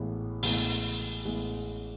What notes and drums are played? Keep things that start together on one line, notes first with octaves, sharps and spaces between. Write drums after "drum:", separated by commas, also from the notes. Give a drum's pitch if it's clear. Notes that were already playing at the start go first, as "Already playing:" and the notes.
Already playing: A1 A2 G#3 B3 E4
A1 A2 G#3 B3 E4, drum: open hi-hat
A1 A2 G#3 B3 E4